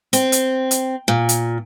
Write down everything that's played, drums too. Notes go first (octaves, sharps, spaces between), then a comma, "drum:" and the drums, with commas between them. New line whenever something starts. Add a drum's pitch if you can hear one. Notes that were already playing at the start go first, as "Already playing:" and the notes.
C4, drum: hi-hat
drum: hi-hat
drum: hi-hat
A#2
drum: hi-hat